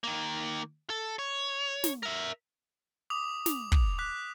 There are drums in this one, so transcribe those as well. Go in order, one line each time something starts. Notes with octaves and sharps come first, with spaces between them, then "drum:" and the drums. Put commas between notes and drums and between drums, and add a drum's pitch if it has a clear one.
D#3 A#3
A4
C#5
drum: snare
A#4 E5
D6 D#6 F7
D6 F7, drum: snare
drum: kick
D6 F#6 B6